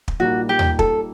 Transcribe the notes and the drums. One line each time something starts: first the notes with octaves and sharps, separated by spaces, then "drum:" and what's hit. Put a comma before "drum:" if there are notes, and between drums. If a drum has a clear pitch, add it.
drum: kick
A#1 A#2 G3 A#3 D#4 F#4
G4
drum: tom D#2
A4, drum: kick